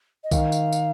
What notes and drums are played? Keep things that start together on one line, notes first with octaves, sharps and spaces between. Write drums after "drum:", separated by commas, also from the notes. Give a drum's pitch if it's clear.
D#5
D#3 F5, drum: kick B1, tambourine
drum: tambourine
drum: tambourine